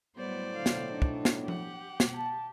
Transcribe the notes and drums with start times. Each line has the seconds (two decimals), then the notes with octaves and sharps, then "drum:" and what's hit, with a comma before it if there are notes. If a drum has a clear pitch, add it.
0.16 A2 F#3 G3 B3 C5 D5
0.56 D3 F5
0.66 drum: snare
0.90 D4 D#4
1.02 drum: kick
1.25 drum: snare
1.48 G4 F#5, drum: tom F3
2.00 drum: snare
2.14 A5